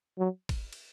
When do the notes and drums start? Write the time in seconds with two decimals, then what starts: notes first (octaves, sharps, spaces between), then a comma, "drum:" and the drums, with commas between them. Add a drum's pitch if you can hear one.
0.18 F#3
0.49 drum: kick G#1, cymbal
0.73 drum: cymbal